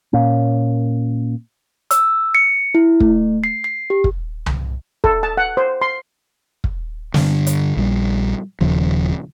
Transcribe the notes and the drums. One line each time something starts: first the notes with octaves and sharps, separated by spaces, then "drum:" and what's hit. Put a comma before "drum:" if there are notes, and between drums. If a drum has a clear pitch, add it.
A#2 A#3 C#4
E6, drum: hi-hat
C#7
E4
A3, drum: kick
C7
C7
G4
drum: kick
drum: tom C2
A4, drum: kick
A5
F#5
C5
C6
drum: kick
G2 D3, drum: snare
drum: hi-hat
A#1 G3
D#1 D#2 C#3 F3